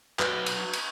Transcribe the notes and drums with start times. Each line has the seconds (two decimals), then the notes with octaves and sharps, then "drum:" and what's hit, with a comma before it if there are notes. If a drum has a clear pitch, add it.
0.19 F#3 F#4 B4 B5, drum: clap
0.46 drum: cymbal
0.73 drum: cymbal